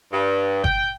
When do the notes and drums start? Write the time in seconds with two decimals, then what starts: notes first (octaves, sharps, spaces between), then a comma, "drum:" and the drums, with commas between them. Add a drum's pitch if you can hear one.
0.12 G2
0.64 G5, drum: kick G1